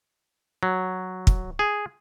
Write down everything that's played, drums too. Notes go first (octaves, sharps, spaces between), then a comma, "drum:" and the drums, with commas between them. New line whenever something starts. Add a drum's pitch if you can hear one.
F#3
drum: kick
G#4